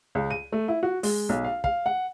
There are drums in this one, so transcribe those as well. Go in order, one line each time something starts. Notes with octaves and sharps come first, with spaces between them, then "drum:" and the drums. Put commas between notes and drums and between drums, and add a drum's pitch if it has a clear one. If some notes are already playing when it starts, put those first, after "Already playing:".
C#2
D#7
A3
E4
F#4
G#3, drum: open hi-hat
B1
F5
F5, drum: kick
F#5